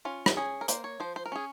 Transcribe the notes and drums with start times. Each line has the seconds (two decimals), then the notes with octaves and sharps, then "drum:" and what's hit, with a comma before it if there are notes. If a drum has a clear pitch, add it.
0.05 C#4 F4
0.26 drum: rim click
0.37 C#4 G#4
0.61 A#4
0.68 A#3 C5, drum: hi-hat
0.84 C#5
1.00 F3 C5
1.16 C5
1.26 A#4
1.32 C#4 G#4